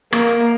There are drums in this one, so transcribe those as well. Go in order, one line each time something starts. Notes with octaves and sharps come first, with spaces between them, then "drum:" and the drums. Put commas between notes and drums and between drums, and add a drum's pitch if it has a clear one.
A#3, drum: rim click